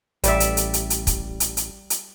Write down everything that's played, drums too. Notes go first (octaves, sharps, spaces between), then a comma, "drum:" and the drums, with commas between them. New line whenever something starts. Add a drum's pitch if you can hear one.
A1 G3 D5 E5, drum: hi-hat
drum: hi-hat
drum: hi-hat
drum: hi-hat
drum: hi-hat
drum: kick, hi-hat
drum: hi-hat
drum: hi-hat
drum: hi-hat